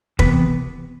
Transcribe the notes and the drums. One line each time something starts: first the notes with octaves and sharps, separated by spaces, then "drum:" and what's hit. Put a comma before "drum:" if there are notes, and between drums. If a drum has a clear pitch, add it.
C3 E3 B3 B4, drum: kick